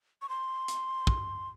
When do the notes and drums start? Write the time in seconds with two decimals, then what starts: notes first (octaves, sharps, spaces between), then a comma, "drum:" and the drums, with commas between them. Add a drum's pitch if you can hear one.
0.22 C#6
0.29 C6
0.68 drum: hi-hat
1.07 drum: kick